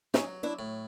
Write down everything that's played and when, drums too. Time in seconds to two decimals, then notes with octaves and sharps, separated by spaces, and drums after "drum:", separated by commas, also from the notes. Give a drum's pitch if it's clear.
0.14 F#3 C#4 D#4, drum: snare
0.43 D4 E4
0.59 A2